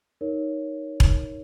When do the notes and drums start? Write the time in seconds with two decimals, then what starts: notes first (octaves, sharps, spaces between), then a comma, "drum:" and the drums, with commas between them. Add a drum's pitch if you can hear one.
0.21 D#4 A#4 C#5
1.00 drum: kick E1